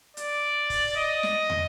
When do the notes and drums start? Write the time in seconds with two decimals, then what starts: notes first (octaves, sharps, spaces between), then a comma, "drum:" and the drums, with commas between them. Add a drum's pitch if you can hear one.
0.17 D5, drum: hi-hat
0.70 drum: kick, open hi-hat
0.96 D#5
1.23 drum: snare
1.50 drum: tom